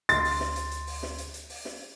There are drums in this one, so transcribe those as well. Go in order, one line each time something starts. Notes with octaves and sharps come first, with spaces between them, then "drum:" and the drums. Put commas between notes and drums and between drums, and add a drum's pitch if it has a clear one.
D2 C6 A6, drum: hi-hat
drum: open hi-hat
drum: snare
drum: hi-hat
drum: hi-hat
drum: open hi-hat
drum: snare
drum: hi-hat
drum: hi-hat
drum: open hi-hat
drum: snare